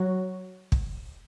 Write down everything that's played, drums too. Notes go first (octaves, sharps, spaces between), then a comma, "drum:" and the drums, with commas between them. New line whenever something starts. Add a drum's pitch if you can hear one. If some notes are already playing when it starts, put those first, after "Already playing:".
Already playing: F#3 F#4
drum: kick